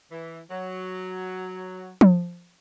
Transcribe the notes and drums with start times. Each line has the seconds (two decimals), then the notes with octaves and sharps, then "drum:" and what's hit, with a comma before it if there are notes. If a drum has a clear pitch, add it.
0.11 E3
0.50 F#3
2.01 drum: tom F3